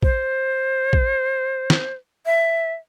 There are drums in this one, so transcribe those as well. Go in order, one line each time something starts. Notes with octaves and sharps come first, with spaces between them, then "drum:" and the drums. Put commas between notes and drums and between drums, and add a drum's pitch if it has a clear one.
C5, drum: kick A#1
drum: kick A#1
drum: snare
E5